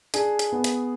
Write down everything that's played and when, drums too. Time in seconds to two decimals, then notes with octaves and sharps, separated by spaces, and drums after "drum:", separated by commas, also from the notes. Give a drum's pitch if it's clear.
0.14 D4 G#4, drum: hi-hat
0.39 drum: hi-hat
0.52 B3
0.64 drum: hi-hat